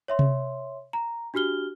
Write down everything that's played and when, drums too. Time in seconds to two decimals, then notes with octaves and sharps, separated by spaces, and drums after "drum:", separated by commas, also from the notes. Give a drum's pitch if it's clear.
0.08 C#5 E5 C6
0.19 drum: tom C3
0.93 A#5
1.34 D4 F#4 G4 F6 G7